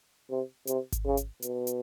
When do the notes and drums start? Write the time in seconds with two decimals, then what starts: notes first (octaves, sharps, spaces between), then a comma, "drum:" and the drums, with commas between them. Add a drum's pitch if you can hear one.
0.30 C3
0.67 C3, drum: hi-hat
0.92 drum: kick G#1, hi-hat
1.05 C#3
1.17 drum: hi-hat
1.42 B2, drum: hi-hat
1.67 drum: hi-hat